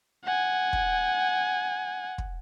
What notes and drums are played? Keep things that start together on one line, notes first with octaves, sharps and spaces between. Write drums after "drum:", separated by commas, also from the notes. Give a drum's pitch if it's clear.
F#5 G#5
drum: kick
drum: kick